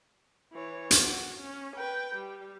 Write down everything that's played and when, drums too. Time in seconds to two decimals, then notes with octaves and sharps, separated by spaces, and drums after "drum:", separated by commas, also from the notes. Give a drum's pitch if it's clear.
0.53 E3 C#5
0.91 drum: hi-hat
1.02 F#4
1.41 C#4
1.76 B4 G5
2.15 G3